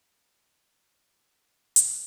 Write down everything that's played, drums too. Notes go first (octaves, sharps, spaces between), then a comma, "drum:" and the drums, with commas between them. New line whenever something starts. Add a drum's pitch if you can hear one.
C5 D#5 G#5 C6
F#4
G#4
F#4 C5 D#5 G#5 C6
drum: hi-hat